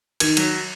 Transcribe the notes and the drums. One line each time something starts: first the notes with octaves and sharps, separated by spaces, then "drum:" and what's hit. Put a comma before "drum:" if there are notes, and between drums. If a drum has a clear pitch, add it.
D#3 G#6, drum: cymbal
F#3, drum: cymbal